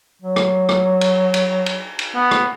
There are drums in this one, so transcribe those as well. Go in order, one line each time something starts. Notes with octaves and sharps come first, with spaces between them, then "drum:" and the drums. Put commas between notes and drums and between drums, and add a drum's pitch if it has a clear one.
F#3
drum: rim click
drum: rim click
drum: cymbal
drum: cymbal
drum: cymbal
drum: cymbal
B3
drum: rim click